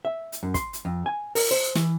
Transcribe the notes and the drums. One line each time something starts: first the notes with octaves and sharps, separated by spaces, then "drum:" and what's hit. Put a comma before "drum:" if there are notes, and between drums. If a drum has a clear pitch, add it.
E5
drum: hi-hat
F#2
C6, drum: kick, hi-hat
drum: hi-hat
F2
G#5
A#4, drum: open hi-hat
C5
E3, drum: snare